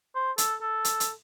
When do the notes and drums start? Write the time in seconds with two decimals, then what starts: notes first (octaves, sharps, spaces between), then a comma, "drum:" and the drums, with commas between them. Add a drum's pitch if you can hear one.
0.15 C5
0.38 A4, drum: hi-hat
0.61 A4
0.85 drum: hi-hat
1.00 drum: hi-hat